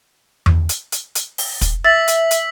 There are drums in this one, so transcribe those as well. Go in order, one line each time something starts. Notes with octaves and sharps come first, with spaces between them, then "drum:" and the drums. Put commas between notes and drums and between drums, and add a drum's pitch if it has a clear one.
drum: tom E2
drum: hi-hat
drum: hi-hat
drum: hi-hat
drum: open hi-hat
drum: kick, hi-hat
E5 E6 A6 B6 F#7
drum: hi-hat
drum: hi-hat